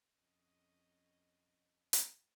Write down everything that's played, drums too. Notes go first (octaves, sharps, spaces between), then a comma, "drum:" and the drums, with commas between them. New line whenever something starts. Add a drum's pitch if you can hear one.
F2 C#4 D#5
drum: hi-hat